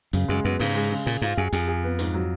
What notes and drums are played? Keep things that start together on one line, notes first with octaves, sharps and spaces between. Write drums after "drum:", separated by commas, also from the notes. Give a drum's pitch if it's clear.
F#2 C#3, drum: hi-hat
F#2 G#3
F#2 B3
G#2 C#3, drum: open hi-hat
G#3
C#3
A#2 G#4
G#2 F4
F#2 G#4
F2 G#4, drum: hi-hat
G#4
B3
G#2, drum: hi-hat
F#3